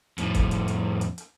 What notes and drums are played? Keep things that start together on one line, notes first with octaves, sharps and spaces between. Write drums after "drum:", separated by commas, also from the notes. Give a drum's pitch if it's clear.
F2 A2, drum: hi-hat
drum: kick, hi-hat
drum: hi-hat
drum: hi-hat
drum: hi-hat
drum: hi-hat